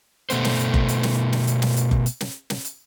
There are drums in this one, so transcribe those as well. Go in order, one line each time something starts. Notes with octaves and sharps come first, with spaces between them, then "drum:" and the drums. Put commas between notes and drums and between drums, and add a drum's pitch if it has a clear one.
B2 A3 B3 C5, drum: hi-hat
drum: snare
drum: hi-hat
drum: kick F#1
drum: hi-hat
drum: snare
drum: snare
drum: hi-hat
drum: snare
drum: hi-hat
drum: kick F#1
drum: hi-hat
drum: snare
drum: snare
drum: hi-hat